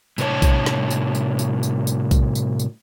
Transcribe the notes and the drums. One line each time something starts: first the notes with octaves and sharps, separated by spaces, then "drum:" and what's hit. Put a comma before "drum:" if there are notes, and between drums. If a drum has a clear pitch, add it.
A2 C3 D4 B4 C#5 A5, drum: tambourine
drum: kick A#1, tambourine
drum: snare
drum: tambourine
drum: tambourine
drum: tambourine
drum: tambourine
drum: tambourine
drum: kick A#1, tambourine
drum: tambourine
drum: tambourine